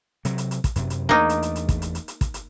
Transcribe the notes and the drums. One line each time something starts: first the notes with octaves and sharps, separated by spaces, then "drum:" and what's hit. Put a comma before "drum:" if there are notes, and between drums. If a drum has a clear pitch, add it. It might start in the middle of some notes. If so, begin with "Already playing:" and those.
C3 F#3, drum: hi-hat
drum: hi-hat
drum: hi-hat
drum: kick, hi-hat
F#2 C3, drum: hi-hat
drum: hi-hat
E2 A3 A#3 D4 D#4
drum: hi-hat
drum: hi-hat
drum: hi-hat
drum: kick, hi-hat
drum: hi-hat
drum: hi-hat
drum: hi-hat
drum: kick, hi-hat
drum: hi-hat